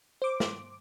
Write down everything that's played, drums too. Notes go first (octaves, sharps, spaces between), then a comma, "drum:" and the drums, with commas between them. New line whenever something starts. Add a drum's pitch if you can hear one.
C5 D6
drum: snare